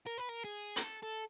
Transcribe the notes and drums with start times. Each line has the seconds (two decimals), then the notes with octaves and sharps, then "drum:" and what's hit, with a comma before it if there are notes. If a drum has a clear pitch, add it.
0.07 A#4
0.18 B4
0.29 A#4
0.45 G#4
0.76 A#4, drum: hi-hat
0.84 A4
1.03 A4